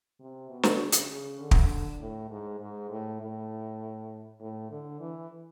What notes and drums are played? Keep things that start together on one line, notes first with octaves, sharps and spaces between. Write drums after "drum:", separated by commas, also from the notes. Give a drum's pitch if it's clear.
C3
B2
drum: snare
C#3
drum: hi-hat
C#3
D3
drum: kick
A2
G#2
G#2
A2
A2
A2
D3
E3